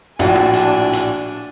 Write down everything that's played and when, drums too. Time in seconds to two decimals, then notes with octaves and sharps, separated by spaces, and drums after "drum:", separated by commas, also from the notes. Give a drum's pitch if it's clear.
0.19 A#1 A2 D4 F4 F#4 G#5, drum: hi-hat
0.35 drum: rim click
0.53 drum: hi-hat
0.93 drum: hi-hat